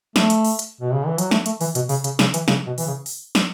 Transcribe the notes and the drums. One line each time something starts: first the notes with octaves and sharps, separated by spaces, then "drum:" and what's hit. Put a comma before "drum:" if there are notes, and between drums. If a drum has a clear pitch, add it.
A3, drum: snare
drum: hi-hat
drum: open hi-hat
drum: hi-hat
B2
C#3
E3
F#3, drum: hi-hat
A3, drum: snare
A3, drum: hi-hat
E3, drum: open hi-hat
B2, drum: hi-hat
C#3, drum: open hi-hat
C#3, drum: hi-hat
C#3, drum: snare
E3, drum: hi-hat
C#3, drum: snare
B2
E3, drum: open hi-hat
C#3
drum: open hi-hat
drum: snare